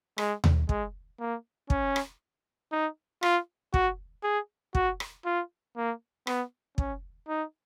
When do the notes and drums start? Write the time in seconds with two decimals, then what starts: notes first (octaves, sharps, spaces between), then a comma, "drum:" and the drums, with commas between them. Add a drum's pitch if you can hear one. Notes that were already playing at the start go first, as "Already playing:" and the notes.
0.18 G#3, drum: rim click
0.44 drum: tom D#2
0.69 G#3, drum: kick
1.20 A#3
1.70 C#4, drum: kick
1.96 drum: rim click
2.72 D#4
3.23 F4, drum: rim click
3.74 F#4, drum: kick
4.24 G#4
4.75 F#4, drum: kick
5.00 drum: rim click
5.26 F4
5.77 A#3
6.27 B3, drum: rim click
6.78 C#4, drum: kick
7.28 D#4